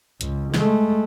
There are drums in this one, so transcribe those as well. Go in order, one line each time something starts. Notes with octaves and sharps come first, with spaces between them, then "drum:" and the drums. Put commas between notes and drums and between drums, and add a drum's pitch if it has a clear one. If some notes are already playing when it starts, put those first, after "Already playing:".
C#2, drum: hi-hat
G#3 A3, drum: snare